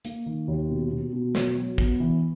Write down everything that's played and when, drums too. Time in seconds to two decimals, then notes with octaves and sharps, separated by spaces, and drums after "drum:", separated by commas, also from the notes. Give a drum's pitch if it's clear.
0.05 A#3, drum: hi-hat
0.26 D#3
0.48 D#2
0.70 B2
0.91 B2
1.13 B2
1.35 F#3, drum: snare
1.56 F#3
1.78 B3, drum: kick
2.00 E3